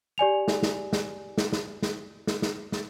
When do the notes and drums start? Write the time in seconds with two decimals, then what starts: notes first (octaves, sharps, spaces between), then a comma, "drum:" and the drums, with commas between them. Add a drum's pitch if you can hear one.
0.18 G4 D5 G#5 F7
0.48 drum: snare
0.63 drum: snare
0.93 drum: snare
1.38 drum: snare
1.53 drum: snare
1.82 drum: snare
2.27 drum: snare
2.42 drum: snare
2.72 drum: snare